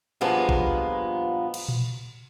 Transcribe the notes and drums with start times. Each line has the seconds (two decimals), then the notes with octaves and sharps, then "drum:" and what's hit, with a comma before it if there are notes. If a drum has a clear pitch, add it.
0.21 G2 A#2 F3 G#3 A#3 B3
0.49 drum: kick A1
1.54 drum: cymbal
1.69 drum: tom A#2